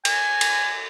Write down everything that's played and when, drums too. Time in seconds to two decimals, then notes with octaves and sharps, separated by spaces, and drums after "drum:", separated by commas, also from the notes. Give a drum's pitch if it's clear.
0.05 G#5, drum: cymbal
0.41 drum: cymbal